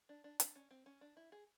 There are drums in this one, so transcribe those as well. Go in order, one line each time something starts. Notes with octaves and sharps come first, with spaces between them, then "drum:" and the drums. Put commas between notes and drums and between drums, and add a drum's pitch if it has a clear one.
D4
D4
D4, drum: hi-hat
C#4
C4
C#4
D4
E4
G#4